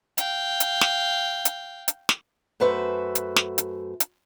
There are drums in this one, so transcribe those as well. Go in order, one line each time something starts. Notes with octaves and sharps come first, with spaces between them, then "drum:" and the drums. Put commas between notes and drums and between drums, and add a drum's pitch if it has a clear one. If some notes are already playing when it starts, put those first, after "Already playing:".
F5 G5, drum: hi-hat
drum: hi-hat
drum: snare
drum: hi-hat
drum: hi-hat
drum: snare
F#2 A3 F#4 B4 C5 E5
drum: hi-hat
drum: snare
drum: hi-hat
drum: hi-hat